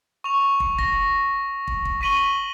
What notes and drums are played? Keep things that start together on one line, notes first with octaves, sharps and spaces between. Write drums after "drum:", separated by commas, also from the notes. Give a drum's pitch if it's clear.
C#6 F7
drum: kick
A#6, drum: kick
drum: kick
drum: kick
C#6 B6 D#7 F#7 G7